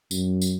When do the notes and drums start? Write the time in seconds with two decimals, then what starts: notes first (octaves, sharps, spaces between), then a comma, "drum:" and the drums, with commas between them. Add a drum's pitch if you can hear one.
0.11 F#2, drum: tambourine
0.42 drum: tambourine